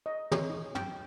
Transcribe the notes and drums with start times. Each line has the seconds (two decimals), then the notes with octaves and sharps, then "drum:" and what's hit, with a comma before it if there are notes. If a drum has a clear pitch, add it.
0.06 D#5
0.32 C#5, drum: tom
0.49 D#4
0.75 G5, drum: tom